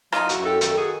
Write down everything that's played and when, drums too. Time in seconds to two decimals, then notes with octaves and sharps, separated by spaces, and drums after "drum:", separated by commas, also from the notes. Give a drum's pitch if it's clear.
0.12 F#3 D#4 F4, drum: rim click
0.29 E4 F#4, drum: hi-hat
0.37 F#2
0.45 G4 A4
0.61 D#3 G4 A4, drum: hi-hat
0.77 F#4 G#4